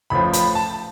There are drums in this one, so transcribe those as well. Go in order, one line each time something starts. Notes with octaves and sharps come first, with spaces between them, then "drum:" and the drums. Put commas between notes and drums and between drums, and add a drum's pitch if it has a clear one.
A1 A2 F3 B5
B5, drum: hi-hat
A5